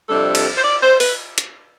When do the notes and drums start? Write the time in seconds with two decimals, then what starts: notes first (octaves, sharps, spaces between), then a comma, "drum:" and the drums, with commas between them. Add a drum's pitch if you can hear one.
0.09 F2 C3 G3 D4 A4
0.35 drum: cymbal
0.57 C5
0.64 D5
0.82 C5
1.00 B4, drum: open hi-hat
1.38 drum: hi-hat